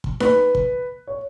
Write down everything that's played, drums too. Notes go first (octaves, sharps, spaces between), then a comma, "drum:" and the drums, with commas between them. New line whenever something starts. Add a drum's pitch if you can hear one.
drum: kick
B4, drum: snare D#4
drum: kick
C#5